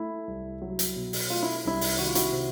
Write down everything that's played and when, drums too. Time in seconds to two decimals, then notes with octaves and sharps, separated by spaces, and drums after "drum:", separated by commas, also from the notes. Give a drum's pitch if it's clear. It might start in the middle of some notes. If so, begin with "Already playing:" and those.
Already playing: A3 E4
0.27 C2
0.62 F#3
0.79 drum: hi-hat
0.96 B2
1.13 drum: open hi-hat
1.30 A3 F4
1.43 E4
1.65 C2 E4
1.81 drum: open hi-hat
1.98 D#3 F#4
2.07 F4
2.15 E4 F#4, drum: hi-hat
2.32 C3